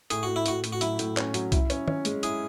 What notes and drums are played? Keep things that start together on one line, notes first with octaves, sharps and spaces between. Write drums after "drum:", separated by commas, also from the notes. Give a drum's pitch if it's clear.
A2 G#4, drum: hi-hat
A2 F#4
E4
A2 F#4, drum: hi-hat
A2, drum: hi-hat
F#4
F#3 E4, drum: hi-hat
A2, drum: hi-hat
C#4, drum: clap
F#3, drum: hi-hat
E4, drum: kick C2, hi-hat
C#4, drum: hi-hat
C#4, drum: tom
G#3, drum: hi-hat
E4 G#4, drum: hi-hat